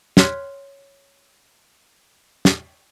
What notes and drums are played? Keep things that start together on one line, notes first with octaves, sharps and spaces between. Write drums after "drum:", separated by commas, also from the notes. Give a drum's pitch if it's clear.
C#5 C6 F6 F#6 G#6 B6, drum: snare
drum: snare